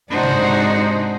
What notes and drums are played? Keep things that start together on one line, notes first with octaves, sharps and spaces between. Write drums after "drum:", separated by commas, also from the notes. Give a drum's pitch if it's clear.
G#2 C3 G#3 D4 D#4 F#4 C5
drum: tom C3